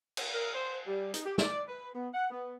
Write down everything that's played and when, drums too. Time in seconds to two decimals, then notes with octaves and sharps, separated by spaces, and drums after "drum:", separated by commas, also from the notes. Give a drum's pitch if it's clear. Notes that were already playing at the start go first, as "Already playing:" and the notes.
0.17 drum: cymbal
0.33 A#4
0.54 C5
0.87 G3
1.14 D#4, drum: hi-hat
1.26 G4
1.38 D5, drum: snare
1.68 B4
1.95 B3
2.14 F#5
2.31 B3